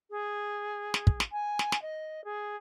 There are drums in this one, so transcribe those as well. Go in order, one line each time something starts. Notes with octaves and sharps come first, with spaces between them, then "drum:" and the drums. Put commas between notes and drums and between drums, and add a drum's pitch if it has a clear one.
G#4
drum: snare
drum: kick
drum: snare
G#5
drum: snare
drum: snare
D#5
G#4